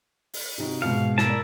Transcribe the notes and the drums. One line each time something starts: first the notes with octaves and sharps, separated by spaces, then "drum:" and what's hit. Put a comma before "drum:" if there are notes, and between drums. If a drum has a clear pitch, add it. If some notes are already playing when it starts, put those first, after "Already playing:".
drum: open hi-hat
C3 D#4 F#4
G#2 B2 F5 C#7
E4 A#4 A5, drum: snare
D5